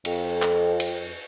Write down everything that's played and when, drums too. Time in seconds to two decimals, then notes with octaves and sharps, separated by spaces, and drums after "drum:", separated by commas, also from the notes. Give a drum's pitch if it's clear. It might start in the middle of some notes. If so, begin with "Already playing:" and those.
0.05 F2, drum: cymbal
0.42 drum: clap
0.80 drum: cymbal